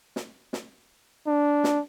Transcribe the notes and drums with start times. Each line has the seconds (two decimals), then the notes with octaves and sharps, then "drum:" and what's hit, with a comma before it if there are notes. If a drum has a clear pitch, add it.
0.16 drum: snare
0.53 drum: snare
1.27 D4
1.64 drum: snare